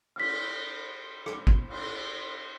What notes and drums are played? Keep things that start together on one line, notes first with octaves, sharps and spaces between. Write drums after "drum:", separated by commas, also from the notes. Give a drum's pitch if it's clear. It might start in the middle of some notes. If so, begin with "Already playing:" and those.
F6 B6, drum: cymbal
drum: rim click
drum: kick
drum: cymbal